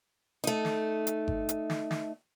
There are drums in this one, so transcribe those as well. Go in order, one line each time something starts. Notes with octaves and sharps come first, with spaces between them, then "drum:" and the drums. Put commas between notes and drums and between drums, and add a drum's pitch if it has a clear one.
A3 D#4
drum: snare
drum: hi-hat
drum: kick G1
drum: hi-hat
drum: snare
drum: snare